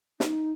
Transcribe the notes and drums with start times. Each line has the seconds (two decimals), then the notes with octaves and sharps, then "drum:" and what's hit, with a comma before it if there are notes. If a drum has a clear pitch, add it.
0.20 D#4, drum: snare